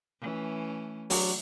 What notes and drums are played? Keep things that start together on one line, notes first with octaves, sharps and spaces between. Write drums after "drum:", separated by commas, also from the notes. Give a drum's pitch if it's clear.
E3 A3 C#4
F#3 D4, drum: open hi-hat